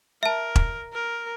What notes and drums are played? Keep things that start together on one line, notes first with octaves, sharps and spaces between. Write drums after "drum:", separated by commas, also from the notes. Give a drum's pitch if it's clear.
A#4 E5 A5
drum: kick E1
A#4